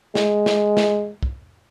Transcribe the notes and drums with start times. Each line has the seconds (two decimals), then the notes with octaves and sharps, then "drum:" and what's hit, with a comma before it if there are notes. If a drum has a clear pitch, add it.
0.15 G#3, drum: snare
0.46 drum: snare
0.77 drum: snare
1.23 drum: kick